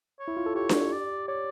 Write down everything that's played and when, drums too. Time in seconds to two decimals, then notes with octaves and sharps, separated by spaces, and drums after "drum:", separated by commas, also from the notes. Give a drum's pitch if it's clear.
0.19 C#5
0.28 E4
0.37 F4
0.46 A4
0.55 G4 C#5
0.69 drum: snare D4
0.92 D5
1.28 C#5 D5